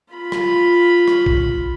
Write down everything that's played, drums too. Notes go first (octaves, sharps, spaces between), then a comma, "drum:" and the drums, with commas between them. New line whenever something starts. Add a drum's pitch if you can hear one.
F4 B5
drum: rim click
drum: rim click
drum: kick A#1